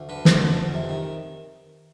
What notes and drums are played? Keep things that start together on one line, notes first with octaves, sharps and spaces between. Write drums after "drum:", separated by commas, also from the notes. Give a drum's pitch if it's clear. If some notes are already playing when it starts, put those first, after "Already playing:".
Already playing: D2
D3 B4
F2, drum: snare
D3
F2
C3
D#3